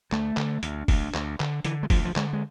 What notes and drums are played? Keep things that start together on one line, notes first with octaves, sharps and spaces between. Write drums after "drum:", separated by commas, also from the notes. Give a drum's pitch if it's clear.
D2 A3, drum: clap
D3, drum: clap
D2, drum: hi-hat
D2, drum: kick, open hi-hat
D2, drum: clap
D3, drum: clap
D3 E3, drum: hi-hat
G#3
D2 F3, drum: kick, open hi-hat
F3
D3 G#3, drum: clap
G#3